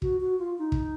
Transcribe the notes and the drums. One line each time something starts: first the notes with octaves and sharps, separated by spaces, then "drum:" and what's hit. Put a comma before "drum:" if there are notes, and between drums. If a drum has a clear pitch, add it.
F#4, drum: kick
F#4
F4
D#4
drum: kick